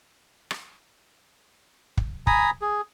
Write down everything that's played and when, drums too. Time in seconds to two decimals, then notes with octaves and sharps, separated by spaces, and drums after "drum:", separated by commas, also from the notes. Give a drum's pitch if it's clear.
0.51 drum: rim click
1.97 drum: kick
2.27 G#5 A#5 B5 D#6, drum: kick
2.62 G#4